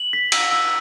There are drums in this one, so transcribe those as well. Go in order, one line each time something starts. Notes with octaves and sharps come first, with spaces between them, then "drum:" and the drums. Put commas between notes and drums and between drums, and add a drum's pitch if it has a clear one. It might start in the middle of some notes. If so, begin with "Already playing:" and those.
Already playing: F#7
B6
E6, drum: cymbal
E6